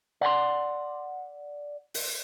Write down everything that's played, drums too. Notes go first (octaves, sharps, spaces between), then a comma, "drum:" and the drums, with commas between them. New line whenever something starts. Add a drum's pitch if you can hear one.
D5 F#5 G5 C6
drum: open hi-hat